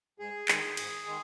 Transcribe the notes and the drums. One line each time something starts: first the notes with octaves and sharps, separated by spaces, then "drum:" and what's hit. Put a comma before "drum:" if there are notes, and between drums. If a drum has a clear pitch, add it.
G#2 G#4
D#3 G#3, drum: clap
G#2, drum: cymbal
D#3 G#3